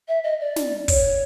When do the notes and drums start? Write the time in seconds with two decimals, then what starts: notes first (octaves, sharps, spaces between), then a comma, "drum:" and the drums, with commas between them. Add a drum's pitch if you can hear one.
0.08 E5
0.24 D#5
0.40 D5
0.56 drum: snare
0.88 C#5, drum: kick, open hi-hat